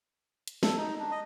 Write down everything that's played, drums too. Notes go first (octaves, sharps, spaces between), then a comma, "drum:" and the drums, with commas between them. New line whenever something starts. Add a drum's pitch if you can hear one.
drum: hi-hat
A4, drum: snare
D#4
D4
D#5